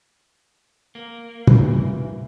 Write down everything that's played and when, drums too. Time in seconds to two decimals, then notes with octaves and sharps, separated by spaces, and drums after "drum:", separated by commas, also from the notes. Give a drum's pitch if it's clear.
0.95 A#3
1.47 E3, drum: tom